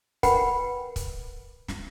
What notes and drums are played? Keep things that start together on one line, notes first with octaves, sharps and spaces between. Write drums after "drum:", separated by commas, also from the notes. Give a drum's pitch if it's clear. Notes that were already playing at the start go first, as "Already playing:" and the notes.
A#4 B4 F#5 G5 B5, drum: kick, hi-hat
drum: kick, hi-hat
drum: snare